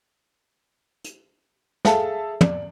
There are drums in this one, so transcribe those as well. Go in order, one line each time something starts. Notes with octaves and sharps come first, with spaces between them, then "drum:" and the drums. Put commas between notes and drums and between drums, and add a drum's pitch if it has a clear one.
drum: hi-hat
G#4 A4 E5 F5 A5, drum: snare
D5, drum: tom